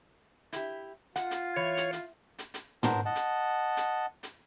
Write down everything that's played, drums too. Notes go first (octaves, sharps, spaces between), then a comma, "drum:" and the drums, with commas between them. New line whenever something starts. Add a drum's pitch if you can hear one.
E4 G4, drum: hi-hat
F4 F#5, drum: hi-hat
drum: hi-hat
E3 C#5
drum: hi-hat
drum: hi-hat
drum: hi-hat
drum: hi-hat
B3 D4 A#4 C5, drum: tom
D#5 F#5 A5
drum: hi-hat
drum: hi-hat
drum: hi-hat